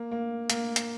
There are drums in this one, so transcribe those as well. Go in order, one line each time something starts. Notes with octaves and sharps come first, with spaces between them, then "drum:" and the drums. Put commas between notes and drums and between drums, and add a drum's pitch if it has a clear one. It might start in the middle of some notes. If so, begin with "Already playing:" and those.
Already playing: A#3
A#3
A#3, drum: hi-hat
drum: hi-hat